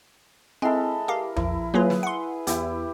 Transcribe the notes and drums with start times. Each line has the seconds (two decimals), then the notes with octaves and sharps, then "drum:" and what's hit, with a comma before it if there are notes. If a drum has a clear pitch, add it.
0.62 G#3 C4 E4 A4
1.08 G4 A#4 F5
1.36 A#1 E4, drum: tom E2
1.74 F#3 A#3 F4 G#4 B4
1.90 drum: snare
2.03 F#5 C6
2.47 E2 E4 G4, drum: hi-hat